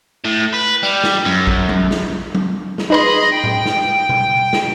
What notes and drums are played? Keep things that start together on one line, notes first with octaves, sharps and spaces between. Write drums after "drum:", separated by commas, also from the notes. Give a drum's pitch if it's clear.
A2
B4
G3
drum: snare
F#2
drum: kick
drum: tom F#3
drum: snare
drum: tom F#3
drum: snare
D#4 G#4 B4 D#5 B5 C6
G5
drum: tom A2
drum: snare
drum: tom B2
drum: snare